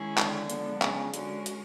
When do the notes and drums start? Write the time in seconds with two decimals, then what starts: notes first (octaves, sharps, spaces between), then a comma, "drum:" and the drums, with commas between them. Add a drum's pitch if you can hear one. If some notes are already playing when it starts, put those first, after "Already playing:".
Already playing: D#3 G#3 C#4 E4 G#4
0.18 D3, drum: clap
0.50 F3 G#3 B3 D4, drum: hi-hat
0.82 C#3, drum: clap
1.14 D3 G#3 C#4 F#4 A#4, drum: hi-hat
1.46 drum: hi-hat